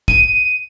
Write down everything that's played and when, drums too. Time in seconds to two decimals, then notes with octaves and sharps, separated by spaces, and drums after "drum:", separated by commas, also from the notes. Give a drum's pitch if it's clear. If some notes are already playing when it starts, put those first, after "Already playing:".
0.08 D#7, drum: kick